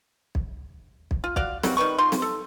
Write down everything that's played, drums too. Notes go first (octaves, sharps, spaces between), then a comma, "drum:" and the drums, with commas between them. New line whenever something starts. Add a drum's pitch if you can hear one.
drum: kick B1
drum: kick B1
F4
F#4 D5 F5, drum: kick B1
F#3 G3 A#3 F#4, drum: snare
D#3 G3 B4 C#6
G3 D#4 F4 C6
drum: snare
A4